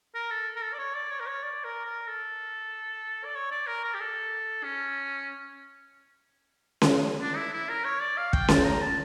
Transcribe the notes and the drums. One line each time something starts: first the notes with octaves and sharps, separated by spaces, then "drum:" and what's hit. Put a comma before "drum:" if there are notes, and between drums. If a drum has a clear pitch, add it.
A#4
A4
A#4
A4
D5
C#5
D5
C#5
A#4
C#5
D5
A#4
A#4
A4
D5
C#5
D5
A#4
A#4
G4
A4
C#4
drum: snare C#4
D4
E4
E4
A#4
C#5
D5
F5
G5, drum: kick
A5, drum: snare C#4
A#5
A5